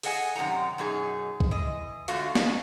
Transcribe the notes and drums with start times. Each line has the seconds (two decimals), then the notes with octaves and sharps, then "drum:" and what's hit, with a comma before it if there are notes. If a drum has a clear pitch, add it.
0.03 G#4 A4 D#5 F#5 G#5, drum: open hi-hat
0.35 F#2 C3 D#3 G3 F#5 A#5
0.78 F#2 B2 D#4 G#4
1.40 drum: kick
1.51 E3 D#5
2.08 D3 G#3 A3 F4 F#4 F5, drum: hi-hat
2.35 G#3 A#3 C#4 D#4, drum: snare B3